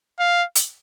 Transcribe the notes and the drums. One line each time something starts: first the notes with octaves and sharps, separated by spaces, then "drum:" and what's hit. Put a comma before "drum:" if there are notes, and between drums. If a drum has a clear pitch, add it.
F5
drum: hi-hat